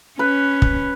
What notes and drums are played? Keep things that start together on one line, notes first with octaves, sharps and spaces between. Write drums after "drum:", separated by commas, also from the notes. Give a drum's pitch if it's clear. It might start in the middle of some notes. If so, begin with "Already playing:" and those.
C#4 B4
drum: kick